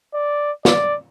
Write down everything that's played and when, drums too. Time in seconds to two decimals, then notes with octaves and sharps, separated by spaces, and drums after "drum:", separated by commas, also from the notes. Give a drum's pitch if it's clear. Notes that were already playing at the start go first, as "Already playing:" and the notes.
0.14 D5
0.65 D5, drum: snare